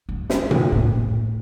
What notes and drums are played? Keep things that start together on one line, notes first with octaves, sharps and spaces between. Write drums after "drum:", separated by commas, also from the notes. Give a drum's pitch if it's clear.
G2
drum: snare
drum: tom A#2
A2